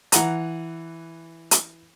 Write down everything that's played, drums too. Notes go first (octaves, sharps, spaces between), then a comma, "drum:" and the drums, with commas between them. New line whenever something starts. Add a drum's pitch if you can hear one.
E3 F#5 A#5, drum: hi-hat
drum: hi-hat